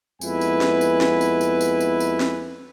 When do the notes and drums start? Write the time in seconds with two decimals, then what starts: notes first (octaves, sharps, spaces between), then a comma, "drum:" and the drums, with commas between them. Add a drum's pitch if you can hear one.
0.21 F2 G#3 B3 E4 B4 G#5, drum: tambourine
0.41 drum: tambourine
0.61 drum: snare
0.81 drum: tambourine
1.01 drum: snare
1.21 drum: tambourine
1.41 drum: tambourine
1.61 drum: tambourine
1.81 drum: tambourine
2.00 drum: tambourine
2.20 drum: snare